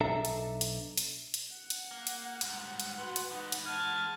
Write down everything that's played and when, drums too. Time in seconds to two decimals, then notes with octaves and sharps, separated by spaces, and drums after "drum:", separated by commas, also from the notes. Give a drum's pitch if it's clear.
0.01 B1 D4 A4 E5 A#5
0.25 drum: hi-hat
0.61 drum: hi-hat
0.98 drum: hi-hat
1.34 drum: hi-hat
1.56 F#5
1.70 drum: hi-hat
1.91 A#3
2.07 drum: hi-hat
2.41 G#2 G3, drum: hi-hat
2.80 drum: hi-hat
2.98 A2 F3 F#4 B4
3.16 drum: hi-hat
3.31 E3 G#3 D#4
3.52 drum: hi-hat
3.66 G#5 A5 F6